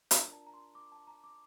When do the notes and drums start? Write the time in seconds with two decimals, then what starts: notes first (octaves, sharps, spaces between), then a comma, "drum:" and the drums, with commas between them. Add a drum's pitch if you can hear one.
0.11 D4 F4 A#4 D5 A#5, drum: hi-hat
0.32 A5
0.46 A#5
0.54 C6
0.75 D6
0.92 A5
1.07 A#5
1.24 D6